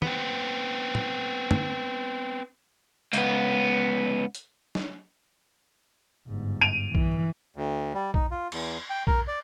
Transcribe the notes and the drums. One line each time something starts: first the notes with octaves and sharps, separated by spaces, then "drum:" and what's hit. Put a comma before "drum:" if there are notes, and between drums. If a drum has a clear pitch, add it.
B3 C4, drum: tom
drum: tom
drum: tom
C#2 B3, drum: hi-hat
drum: hi-hat
drum: snare
G1 G#2
D7 D#7 F7
E3, drum: kick B1
D2
G3
D#4, drum: kick B1
F4
E2, drum: cymbal
G5
A#4, drum: kick B1
D5